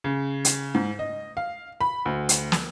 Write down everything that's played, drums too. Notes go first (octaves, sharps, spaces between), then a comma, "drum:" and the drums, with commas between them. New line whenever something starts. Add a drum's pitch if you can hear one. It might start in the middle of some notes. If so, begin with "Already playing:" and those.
C#3
drum: hi-hat
G#2
D#5
F5
B5
D2
drum: hi-hat
drum: snare